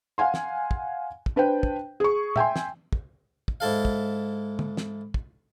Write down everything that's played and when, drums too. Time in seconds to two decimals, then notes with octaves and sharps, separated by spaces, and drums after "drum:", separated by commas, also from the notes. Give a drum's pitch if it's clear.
0.18 F5 F#5 G#5 C6
0.34 drum: snare
0.71 drum: kick
1.26 drum: kick
1.36 D4 B4 C5 G5
1.63 drum: kick
2.00 G#4 C#6
2.36 E5 G5 G#5 C6, drum: tom
2.56 drum: snare
2.93 drum: kick
3.48 drum: kick
3.60 G#2 E4 A4 F5
3.85 drum: kick
4.59 drum: tom
4.77 drum: snare
5.14 drum: kick